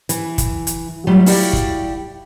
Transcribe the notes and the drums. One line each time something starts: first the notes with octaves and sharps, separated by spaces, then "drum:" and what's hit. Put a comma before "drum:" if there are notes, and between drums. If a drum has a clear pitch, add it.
E3, drum: hi-hat
drum: kick, hi-hat
drum: hi-hat
F#3 G3 A3 F4
E4 F#4 G4 D5 F5, drum: open hi-hat
drum: kick